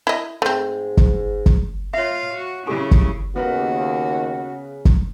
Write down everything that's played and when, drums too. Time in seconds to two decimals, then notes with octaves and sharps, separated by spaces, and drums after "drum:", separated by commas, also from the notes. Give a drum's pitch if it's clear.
0.07 E4 D#5
0.42 G#2 A3 C4
0.97 drum: kick G1
1.46 drum: kick G1
1.94 F4 C#5 E5 F5
2.34 F#4
2.67 C#3 E4 G4 A4 G#5
2.91 drum: kick G1
3.36 D#2 C#3 B3 F#4 A#4 B4
4.85 drum: kick G1